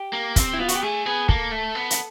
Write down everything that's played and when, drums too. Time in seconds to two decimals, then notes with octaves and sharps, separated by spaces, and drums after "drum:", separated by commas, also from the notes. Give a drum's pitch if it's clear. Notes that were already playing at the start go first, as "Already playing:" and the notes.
Already playing: G4
0.13 A#3
0.36 C4, drum: kick, hi-hat
0.54 E4
0.59 B3 F4
0.68 F#4, drum: hi-hat
0.76 G4
0.82 A3 G#4
1.06 B3 G#4
1.29 A#3 A4, drum: kick
1.51 A3
1.75 B3
1.90 drum: hi-hat